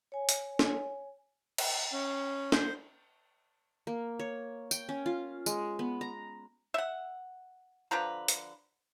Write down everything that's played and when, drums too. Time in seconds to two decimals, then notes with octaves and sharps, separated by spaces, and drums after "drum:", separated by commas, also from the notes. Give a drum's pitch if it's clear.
0.12 C#5 G#5
0.29 drum: hi-hat
0.59 drum: snare
1.58 drum: cymbal
1.93 C#4
2.52 C5, drum: snare
3.87 A#3
4.19 C#5
4.71 G5, drum: tambourine
4.89 C#4
5.06 F4
5.46 G#3, drum: tambourine
5.79 B3
6.01 A#5
6.74 E5 F#5
7.91 D3 F3 B4 A#5
8.28 drum: hi-hat